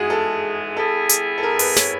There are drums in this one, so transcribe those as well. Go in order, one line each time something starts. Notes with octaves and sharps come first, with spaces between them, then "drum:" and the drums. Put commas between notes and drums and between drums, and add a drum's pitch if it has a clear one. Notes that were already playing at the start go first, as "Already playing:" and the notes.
Already playing: G#2 E3 G#3 F#4 G#4
A4
G3 B3 E4 G#4 A4
drum: hi-hat
A4
A#4
B4, drum: open hi-hat
C#5, drum: snare